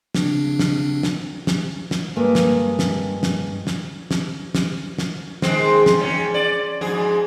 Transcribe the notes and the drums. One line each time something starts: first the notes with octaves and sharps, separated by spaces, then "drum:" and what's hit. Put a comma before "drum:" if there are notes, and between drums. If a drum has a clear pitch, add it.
C#3 C4 D4, drum: snare
drum: snare
drum: snare
drum: snare
drum: snare
G2 G#3 A#3
drum: snare
drum: snare
drum: snare
drum: snare
drum: snare
drum: snare
drum: snare
D#3 G#3 C4, drum: snare
drum: snare
E2 G#2 C#4
D5
F2 G#2 G#4